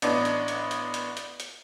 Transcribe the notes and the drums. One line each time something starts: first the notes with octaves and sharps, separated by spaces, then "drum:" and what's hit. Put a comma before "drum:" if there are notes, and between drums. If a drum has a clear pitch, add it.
A1 B3 D4 D#5 D6, drum: hi-hat
drum: hi-hat
drum: hi-hat
drum: hi-hat
drum: hi-hat
drum: hi-hat
drum: hi-hat